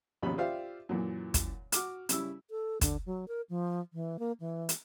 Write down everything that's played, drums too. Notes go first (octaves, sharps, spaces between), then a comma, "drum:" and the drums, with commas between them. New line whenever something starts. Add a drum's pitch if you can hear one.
A#1 D#2 B2 C#4 B5
F4 G4 C5 D5 E5 F5
F#2 A#2 E3
drum: kick, hi-hat
F#4 D6 F6, drum: hi-hat
C#3 G3 E4 E6, drum: hi-hat
A4
D3, drum: kick, hi-hat
F#3
A#4
F3
E3
A#3
E3
drum: hi-hat